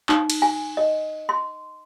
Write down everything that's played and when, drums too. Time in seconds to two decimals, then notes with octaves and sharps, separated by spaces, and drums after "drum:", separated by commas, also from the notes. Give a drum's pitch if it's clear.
0.09 D#4, drum: clap
0.30 drum: cymbal
0.42 G#5
0.77 D#5
1.29 C6